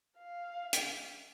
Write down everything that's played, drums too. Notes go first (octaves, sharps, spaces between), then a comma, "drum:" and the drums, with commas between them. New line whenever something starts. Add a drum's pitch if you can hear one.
F5
drum: hi-hat